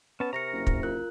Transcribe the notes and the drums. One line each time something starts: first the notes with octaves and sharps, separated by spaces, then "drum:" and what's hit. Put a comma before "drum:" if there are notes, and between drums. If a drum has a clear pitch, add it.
B3 C#4 A5
C3 A#4 A#5 C#6 A#6 C#7
F#1
drum: kick
F4 A#4 F#6